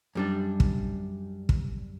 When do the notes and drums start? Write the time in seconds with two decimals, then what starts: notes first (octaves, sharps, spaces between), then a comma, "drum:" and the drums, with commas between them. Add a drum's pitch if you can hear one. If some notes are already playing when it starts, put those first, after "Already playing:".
0.15 F#2 G3 D4
0.60 drum: kick
1.49 drum: kick